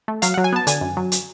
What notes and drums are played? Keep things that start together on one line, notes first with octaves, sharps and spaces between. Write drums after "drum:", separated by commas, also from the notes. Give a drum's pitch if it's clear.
A3
F#3 F5, drum: hi-hat
F#3 F#5
G#5
B3 A5
D3 G#5, drum: hi-hat
F#2
F#3
drum: hi-hat